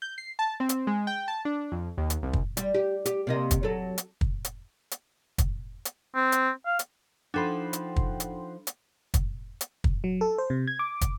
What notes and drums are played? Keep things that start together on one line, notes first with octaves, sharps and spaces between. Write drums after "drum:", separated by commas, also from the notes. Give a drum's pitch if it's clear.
G6
C7
A5
C4
drum: hi-hat
G#3
G5
A5
D4
F2
D#2
drum: hi-hat
C2
drum: kick
G3, drum: hi-hat
G4
G4, drum: hi-hat
C3 A#3 D#5
drum: kick, hi-hat
F#3 A4
drum: hi-hat
drum: kick
drum: hi-hat
drum: hi-hat
drum: kick, hi-hat
drum: hi-hat
C4
drum: hi-hat
F5
drum: hi-hat
F3 D4 D#4 A4 F#5 G5 B5 C6
drum: hi-hat
drum: kick
drum: hi-hat
drum: hi-hat
drum: kick, hi-hat
drum: hi-hat
drum: kick
F#3
A4
C5
C3
G#6
D6
drum: kick, hi-hat